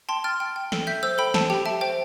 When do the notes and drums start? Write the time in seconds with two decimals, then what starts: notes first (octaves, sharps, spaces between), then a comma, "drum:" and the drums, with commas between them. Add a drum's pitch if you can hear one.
0.09 G5 A5 C6
0.24 G5 F6 A6
0.40 G5
0.56 G5
0.72 A4, drum: snare
0.87 E5 G6 B6
1.03 C5 E6 G6
1.18 A4 G5 B5
1.34 A4 A5, drum: snare
1.50 G4 G5
1.66 E5 A5
1.81 C5 G5